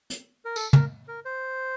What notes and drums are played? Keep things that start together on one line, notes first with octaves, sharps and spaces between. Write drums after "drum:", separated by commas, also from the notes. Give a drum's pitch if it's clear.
drum: hi-hat
A#4
A4, drum: tambourine
A#4, drum: tom
A#4
C5